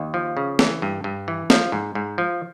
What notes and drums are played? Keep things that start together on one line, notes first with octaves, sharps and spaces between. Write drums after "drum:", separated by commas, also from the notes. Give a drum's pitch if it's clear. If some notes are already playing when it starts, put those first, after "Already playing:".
Already playing: D#2
F3
C#3
E3, drum: snare
G2
G2
E3
F3, drum: snare
G#2
G#2
F3